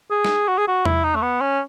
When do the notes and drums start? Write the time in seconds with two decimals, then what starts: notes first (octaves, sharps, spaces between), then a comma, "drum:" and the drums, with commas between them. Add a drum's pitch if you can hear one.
0.11 G#4
0.25 drum: snare
0.48 F#4
0.58 G#4
0.68 F#4
0.85 E4, drum: tom E2
1.04 D#4
1.15 A3
1.22 B3
1.41 C#4